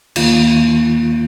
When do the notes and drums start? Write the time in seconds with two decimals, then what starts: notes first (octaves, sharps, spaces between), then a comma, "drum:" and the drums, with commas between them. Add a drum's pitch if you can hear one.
0.16 D#2 D#3 A#3 F4, drum: cymbal